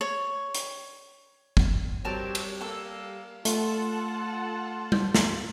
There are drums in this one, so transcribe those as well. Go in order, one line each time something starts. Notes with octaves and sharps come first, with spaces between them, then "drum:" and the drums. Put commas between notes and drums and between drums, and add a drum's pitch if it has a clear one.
C#5
drum: hi-hat
drum: kick
F#3 G3 C4 G4 A#4 C#5 A5
drum: cymbal
A#3 A4 F5 E6
A3 F4 A4 F#5 A5, drum: hi-hat
drum: tom G3
drum: snare